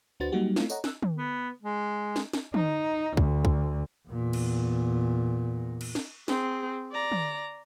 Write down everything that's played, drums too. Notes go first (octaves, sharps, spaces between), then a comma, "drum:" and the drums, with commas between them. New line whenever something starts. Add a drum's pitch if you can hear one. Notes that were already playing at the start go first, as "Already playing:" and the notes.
D2 D4 F#4 B4 C5 A6
F#3 G3 A#3 D#4 F#4 G4
A3 B3 C4 D4 E4 F4, drum: snare
A4 C#5 D#5 F#5 A#5, drum: tambourine
E6 F#6, drum: snare
drum: tom
B3
G#3
drum: snare
drum: snare
D#4, drum: tom
D2, drum: kick
drum: kick
E2 A#2
drum: cymbal
drum: cymbal
drum: snare
C4 G#4, drum: snare
D5 A#5
drum: tom